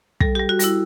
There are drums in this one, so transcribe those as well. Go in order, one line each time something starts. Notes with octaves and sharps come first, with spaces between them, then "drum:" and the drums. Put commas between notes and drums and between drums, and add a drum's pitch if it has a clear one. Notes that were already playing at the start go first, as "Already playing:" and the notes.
G3 A4, drum: kick
G4
G3
F#4
G3 E4, drum: hi-hat